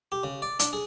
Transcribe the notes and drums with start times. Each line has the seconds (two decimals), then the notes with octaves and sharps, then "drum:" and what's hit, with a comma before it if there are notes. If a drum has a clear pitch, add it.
0.12 G4
0.24 C#3
0.42 D5
0.59 D4, drum: hi-hat
0.73 G#4